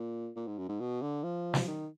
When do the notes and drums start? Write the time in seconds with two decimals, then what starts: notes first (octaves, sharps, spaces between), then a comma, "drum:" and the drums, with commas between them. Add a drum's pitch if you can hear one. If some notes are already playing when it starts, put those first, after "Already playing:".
Already playing: A#2
0.36 A#2
0.47 G#2
0.58 F#2
0.69 G#2
0.80 B2
1.02 D3
1.23 F3
1.54 drum: snare
1.67 D#3